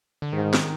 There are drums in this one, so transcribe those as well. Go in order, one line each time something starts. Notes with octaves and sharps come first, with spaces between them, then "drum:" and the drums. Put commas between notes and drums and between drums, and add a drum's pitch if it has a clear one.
D3
G#2 D#3
drum: snare